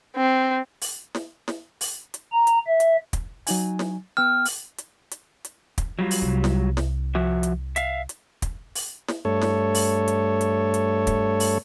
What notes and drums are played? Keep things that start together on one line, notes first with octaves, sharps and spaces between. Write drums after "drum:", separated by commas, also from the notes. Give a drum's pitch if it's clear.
C4
drum: open hi-hat
drum: snare
drum: snare
drum: open hi-hat
drum: hi-hat
A#5
drum: hi-hat
E5
drum: hi-hat
drum: kick, hi-hat
F#3 D#4 G#5, drum: open hi-hat
drum: snare
B3 G5 E6 F6
drum: open hi-hat
drum: hi-hat
drum: hi-hat
drum: hi-hat
drum: kick, hi-hat
F#3 G3 F4
drum: open hi-hat
C2
drum: snare
drum: snare
F3 F#4 E5
drum: hi-hat
E5 F5, drum: hi-hat
drum: hi-hat
drum: kick, hi-hat
drum: open hi-hat
drum: snare
G2 A3 A4 C#5
drum: snare
drum: open hi-hat
drum: hi-hat
drum: hi-hat
drum: hi-hat
drum: kick, hi-hat
drum: open hi-hat